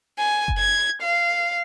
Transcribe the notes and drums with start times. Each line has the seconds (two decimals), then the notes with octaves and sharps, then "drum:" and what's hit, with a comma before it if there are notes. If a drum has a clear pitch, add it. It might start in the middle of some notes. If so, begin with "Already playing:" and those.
0.18 G#5
0.48 drum: kick F#1
0.58 G#6
1.02 F5